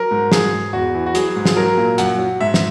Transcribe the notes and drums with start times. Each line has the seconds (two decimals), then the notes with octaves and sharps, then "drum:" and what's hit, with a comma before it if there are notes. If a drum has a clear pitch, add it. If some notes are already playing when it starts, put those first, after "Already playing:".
Already playing: F#3 A#4
0.11 G#2
0.32 F#3 G#4, drum: snare
0.53 G#2
0.73 E2 F#4
0.95 E3
1.06 F#4
1.15 F#3 G#4, drum: hi-hat
1.36 G#2
1.45 G#4, drum: snare
1.56 F#3 A#4
1.78 A#2
1.98 F#2 F#5, drum: hi-hat
2.19 F#3
2.41 G#2 E5
2.54 drum: snare